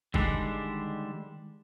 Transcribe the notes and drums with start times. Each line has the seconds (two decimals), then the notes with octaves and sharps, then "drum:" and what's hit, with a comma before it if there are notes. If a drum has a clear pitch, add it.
0.14 D3 D#3 G3 G#3 D4, drum: kick